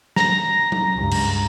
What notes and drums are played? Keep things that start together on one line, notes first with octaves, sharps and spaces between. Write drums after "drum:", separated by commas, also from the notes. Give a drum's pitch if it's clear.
A#5 A#6, drum: snare
drum: tom F#3
C#2 G2
drum: cymbal